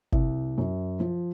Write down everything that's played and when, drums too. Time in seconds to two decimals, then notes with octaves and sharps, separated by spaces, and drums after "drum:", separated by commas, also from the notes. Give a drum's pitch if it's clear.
0.12 C2, drum: kick G1
0.58 F#2
1.00 F3